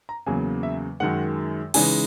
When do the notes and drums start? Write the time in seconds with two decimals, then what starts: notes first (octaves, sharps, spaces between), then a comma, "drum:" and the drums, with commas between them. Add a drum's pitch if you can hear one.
0.09 A#5
0.26 E2 C#3 F#3 A#3 G#5
0.63 E5
1.00 F#2 D#3 G#3 F#5
1.74 C#3 E3 G#3 D#4 G#5, drum: cymbal